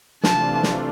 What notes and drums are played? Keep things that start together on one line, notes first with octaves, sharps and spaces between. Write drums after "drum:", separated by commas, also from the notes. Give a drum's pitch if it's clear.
C3 E3 A3 D4 F4 A5, drum: snare
drum: snare